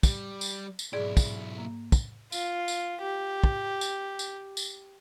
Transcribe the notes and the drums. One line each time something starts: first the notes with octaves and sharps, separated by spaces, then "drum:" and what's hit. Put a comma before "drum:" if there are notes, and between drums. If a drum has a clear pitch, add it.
G3, drum: kick, tambourine
drum: tambourine
drum: tambourine
B1 G#2 E4 G#4 D5
drum: kick, tambourine
A#3
drum: kick, tambourine
F4, drum: tambourine
drum: tambourine
G4
drum: kick
drum: tambourine
drum: tambourine
drum: tambourine